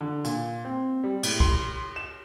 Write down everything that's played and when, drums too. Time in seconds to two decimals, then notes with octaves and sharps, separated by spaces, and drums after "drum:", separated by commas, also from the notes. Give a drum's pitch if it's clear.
0.01 D3
0.24 A#2, drum: hi-hat
0.65 C4
1.04 G3
1.23 A2, drum: cymbal
1.40 C6, drum: kick
1.96 E7